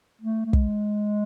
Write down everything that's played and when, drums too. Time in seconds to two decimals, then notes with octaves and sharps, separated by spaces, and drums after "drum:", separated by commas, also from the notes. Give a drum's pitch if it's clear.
0.21 A3
0.46 A3
0.53 G#3, drum: kick